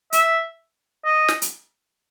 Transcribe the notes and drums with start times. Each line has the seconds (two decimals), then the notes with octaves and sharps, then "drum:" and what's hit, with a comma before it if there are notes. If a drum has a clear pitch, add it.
0.13 E5, drum: hi-hat
1.05 D#5
1.28 drum: snare
1.42 drum: hi-hat